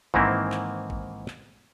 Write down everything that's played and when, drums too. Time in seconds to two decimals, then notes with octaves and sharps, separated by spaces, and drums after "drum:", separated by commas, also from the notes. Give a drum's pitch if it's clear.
0.14 G#2 D#3 E3 A#3 C4 E4, drum: kick
0.52 drum: clap
0.90 drum: kick
1.28 drum: clap